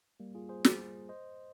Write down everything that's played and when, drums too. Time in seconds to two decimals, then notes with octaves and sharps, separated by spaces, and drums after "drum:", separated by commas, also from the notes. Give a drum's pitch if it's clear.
0.20 G3 A#3
0.35 F4 G#4
0.49 G#4 C5
0.65 drum: snare
1.09 C5 D#5